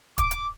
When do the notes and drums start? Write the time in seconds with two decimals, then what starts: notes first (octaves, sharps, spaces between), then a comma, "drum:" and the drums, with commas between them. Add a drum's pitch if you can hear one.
0.18 D6, drum: kick, hi-hat
0.31 drum: hi-hat